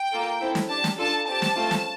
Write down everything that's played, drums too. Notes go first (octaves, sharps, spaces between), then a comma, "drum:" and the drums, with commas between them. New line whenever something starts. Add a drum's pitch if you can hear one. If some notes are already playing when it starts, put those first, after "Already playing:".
Already playing: G5
A#3 F4 A4
C4 E4 A4
drum: snare
D4 G4 A5
drum: snare
D4 F4 A4 A5
C4 G4 A5
drum: snare
A3 C4 F4 A4
drum: snare